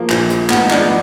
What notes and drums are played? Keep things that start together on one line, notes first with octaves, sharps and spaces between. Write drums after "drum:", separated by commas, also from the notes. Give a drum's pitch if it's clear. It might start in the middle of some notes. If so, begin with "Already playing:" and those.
Already playing: F3 A#3
A#1, drum: clap
F3, drum: hi-hat
G#1 B3, drum: clap
D#4
F3 D4, drum: clap
B3